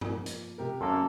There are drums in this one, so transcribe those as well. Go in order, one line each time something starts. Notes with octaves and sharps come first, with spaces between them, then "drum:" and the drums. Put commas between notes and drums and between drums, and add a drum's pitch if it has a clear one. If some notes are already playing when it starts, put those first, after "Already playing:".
F3 A#3, drum: tom G2
drum: hi-hat
C3 G4 A#4
F#2 A#3 C#4 A4 C6